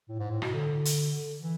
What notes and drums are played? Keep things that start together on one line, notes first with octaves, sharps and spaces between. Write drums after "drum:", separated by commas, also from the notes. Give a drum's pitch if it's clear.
A2
G#2
A2
B2, drum: rim click
D3
drum: hi-hat
E3